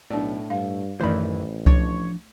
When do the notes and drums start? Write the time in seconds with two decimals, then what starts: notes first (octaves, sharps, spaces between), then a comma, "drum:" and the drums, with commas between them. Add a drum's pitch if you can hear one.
0.10 B1 A2 D4 D5
0.50 G2 F5
1.01 A1 F#2 D#3 E3 A3 C5 D5 B5
1.66 F3 D4 C#5, drum: kick C2